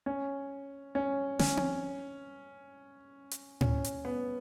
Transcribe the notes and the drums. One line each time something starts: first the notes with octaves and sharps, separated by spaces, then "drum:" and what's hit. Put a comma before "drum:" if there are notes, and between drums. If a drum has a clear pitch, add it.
C#4
C#4
C#4, drum: snare
drum: tom C4
drum: hi-hat
C#4, drum: tom A2
drum: hi-hat
B3